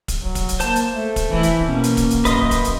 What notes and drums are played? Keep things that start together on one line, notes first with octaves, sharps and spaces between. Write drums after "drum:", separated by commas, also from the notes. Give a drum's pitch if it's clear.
drum: kick, hi-hat
F#3
drum: kick, hi-hat
drum: hi-hat
A#3 C5 A5, drum: hi-hat
drum: hi-hat
A3
drum: kick, hi-hat
E3 E4
drum: kick, hi-hat
B2 A#3 C#4
drum: hi-hat
drum: kick, hi-hat
drum: hi-hat
F#2 B4 D#5 C6, drum: kick, hi-hat
drum: kick, hi-hat
drum: hi-hat